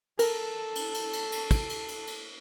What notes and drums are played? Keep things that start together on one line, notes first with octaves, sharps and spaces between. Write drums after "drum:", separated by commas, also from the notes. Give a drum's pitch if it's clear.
A4 A#4, drum: cymbal
drum: cymbal
drum: cymbal
drum: cymbal
drum: cymbal
drum: kick, cymbal
drum: cymbal
drum: cymbal
drum: cymbal